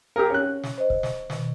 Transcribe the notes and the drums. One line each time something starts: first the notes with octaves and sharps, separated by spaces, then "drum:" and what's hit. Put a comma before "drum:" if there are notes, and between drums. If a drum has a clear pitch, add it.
G4 G#4 A#4
C#4 F#6
drum: snare
C5 D#5
drum: kick
drum: snare
B2 D#3, drum: snare